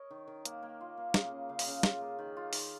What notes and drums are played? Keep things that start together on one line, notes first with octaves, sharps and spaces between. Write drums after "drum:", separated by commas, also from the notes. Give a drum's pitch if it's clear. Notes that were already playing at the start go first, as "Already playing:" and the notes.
Already playing: A#4 C#5 D#5
D#3
D#3
A#3, drum: hi-hat
A#3
F4
A#3
C#3 D#5, drum: snare
C#3
C#3 F5
D#5, drum: open hi-hat
C#3 F5
F4 D#5, drum: snare
A#3
D#3
F4
D#3, drum: open hi-hat